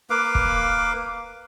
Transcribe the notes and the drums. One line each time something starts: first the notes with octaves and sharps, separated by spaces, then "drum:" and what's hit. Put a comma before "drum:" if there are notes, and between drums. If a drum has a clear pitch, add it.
A#3 B4 F5 D6
drum: kick